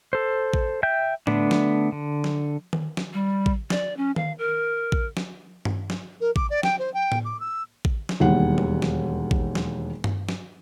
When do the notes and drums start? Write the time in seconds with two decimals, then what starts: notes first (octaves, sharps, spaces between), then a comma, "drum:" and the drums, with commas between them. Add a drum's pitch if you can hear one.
0.13 A4 C5
0.54 drum: kick A1
0.83 E5 G5 G6
1.27 D3 A3 B3 D4, drum: tom A2
1.51 drum: snare
1.92 D3
2.24 drum: snare
2.73 drum: tom D#3
2.97 drum: snare
3.13 G3
3.46 drum: kick A1
3.70 D5, drum: snare
3.97 C#4
4.16 F5, drum: tom D#3
4.38 A#4
4.92 drum: kick A1
5.17 drum: snare
5.65 drum: tom G2
5.90 drum: snare
6.21 A#4
6.36 D6, drum: kick A1
6.50 D5
6.63 G5, drum: snare
6.79 C5
6.94 G5
7.12 drum: tom A2
7.25 D6
7.40 E6
7.85 drum: kick A1
8.09 drum: snare
8.20 E1 D#2 G3 F#5
8.58 drum: tom D#3
8.82 drum: snare
9.31 drum: kick A1
9.55 drum: snare
10.04 drum: tom G2
10.29 drum: snare